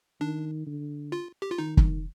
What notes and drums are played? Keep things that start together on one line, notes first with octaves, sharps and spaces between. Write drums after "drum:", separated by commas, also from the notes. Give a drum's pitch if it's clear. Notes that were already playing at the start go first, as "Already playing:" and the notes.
D#3 D4
D3
F4
G4
F4
D#3 D#4
drum: kick